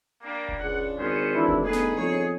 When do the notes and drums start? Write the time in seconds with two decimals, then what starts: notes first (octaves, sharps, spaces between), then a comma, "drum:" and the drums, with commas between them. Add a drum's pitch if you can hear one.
0.23 G3 A#3 D4
0.49 drum: kick F1
0.59 C#2 F#5
0.98 G#1 B3 C#4 C5
1.35 E3 D4 E4
1.48 drum: kick F1
1.64 C#2 G2 A3 B3 D#4 G#4 B4
1.73 drum: snare
1.96 F2 C#5